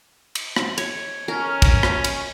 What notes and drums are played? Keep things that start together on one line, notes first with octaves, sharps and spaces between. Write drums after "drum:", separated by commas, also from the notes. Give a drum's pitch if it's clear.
drum: cymbal
drum: rim click
C#5, drum: cymbal
C#4 A#4
drum: kick, cymbal
drum: rim click
drum: cymbal